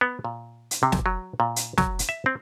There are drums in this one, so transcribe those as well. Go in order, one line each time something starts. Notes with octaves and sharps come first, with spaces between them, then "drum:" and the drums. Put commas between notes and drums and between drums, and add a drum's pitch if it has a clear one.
B3
A#2
drum: hi-hat
C3
drum: snare
F#3
A#2
drum: hi-hat
F#3, drum: snare
drum: hi-hat
E5
C4